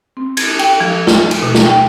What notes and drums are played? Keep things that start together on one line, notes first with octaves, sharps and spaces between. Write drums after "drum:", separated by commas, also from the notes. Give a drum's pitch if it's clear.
C4
G#6, drum: cymbal
G5, drum: cymbal
F3
F4, drum: snare
drum: cymbal
B2
drum: snare
G5